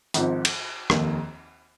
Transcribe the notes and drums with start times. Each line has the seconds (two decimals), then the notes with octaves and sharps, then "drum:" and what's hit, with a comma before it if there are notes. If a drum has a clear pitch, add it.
0.14 G#1 G#2 F3 C4, drum: hi-hat
0.45 drum: cymbal
0.90 F1 D#2 D#3 A#3, drum: rim click